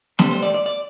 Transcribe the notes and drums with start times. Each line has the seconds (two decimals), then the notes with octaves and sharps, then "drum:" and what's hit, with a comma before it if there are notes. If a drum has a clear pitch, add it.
0.19 D2 D3 G3 C5, drum: snare
0.31 C5
0.43 D5
0.54 D5
0.66 D5